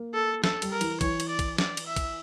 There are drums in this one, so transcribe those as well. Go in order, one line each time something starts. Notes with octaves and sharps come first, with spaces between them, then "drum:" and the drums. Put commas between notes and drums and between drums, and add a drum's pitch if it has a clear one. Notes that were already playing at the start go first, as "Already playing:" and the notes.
Already playing: A#3
A4
A4, drum: snare
G3, drum: cymbal
A#4
E3, drum: cymbal
E3 C#5, drum: kick, cymbal
drum: cymbal
D5
drum: kick, cymbal
D5, drum: snare
drum: cymbal
E5
drum: kick, cymbal